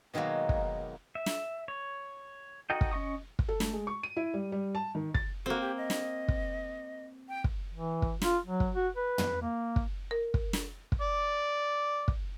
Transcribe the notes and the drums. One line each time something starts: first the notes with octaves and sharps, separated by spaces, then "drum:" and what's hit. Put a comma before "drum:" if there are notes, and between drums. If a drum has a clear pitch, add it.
B2 D#3 F#3 G#3 A#3
drum: kick
E5
drum: snare
C#5
D#4 F#4 A4 D#5 G5
drum: kick
C#4 D#5 C#6 D#6
drum: kick
A4
A3, drum: snare
G#3
C#6
D#7
E4
G3
G3
A5
D#3
A6, drum: kick
A#3 C4 F#4
G4
D#5
drum: snare
drum: kick
G5
drum: kick
E3
drum: kick
F4, drum: snare
F#3
drum: kick
F#4
B4
drum: tom
A#3
drum: kick
A#4
drum: kick
drum: snare
drum: kick
D5
drum: kick